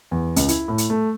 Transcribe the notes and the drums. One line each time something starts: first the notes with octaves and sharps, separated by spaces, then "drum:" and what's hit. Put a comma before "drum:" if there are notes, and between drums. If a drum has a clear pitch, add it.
E2
C#2, drum: hi-hat
E4, drum: hi-hat
A2
drum: hi-hat
A3